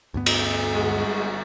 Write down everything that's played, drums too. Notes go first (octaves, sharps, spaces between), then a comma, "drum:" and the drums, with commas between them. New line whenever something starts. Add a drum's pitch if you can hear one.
D2 G2 B3
drum: cymbal
G1 G#3 F#4